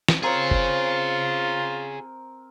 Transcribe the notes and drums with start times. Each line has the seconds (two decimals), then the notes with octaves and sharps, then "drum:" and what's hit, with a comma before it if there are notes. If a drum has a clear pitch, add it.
0.08 drum: snare
0.23 C4 F4 G#4 A#4 C#5
0.51 drum: kick